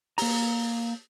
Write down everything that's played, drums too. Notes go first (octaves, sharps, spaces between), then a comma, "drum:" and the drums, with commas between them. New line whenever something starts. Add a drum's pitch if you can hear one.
A#3 A#5, drum: open hi-hat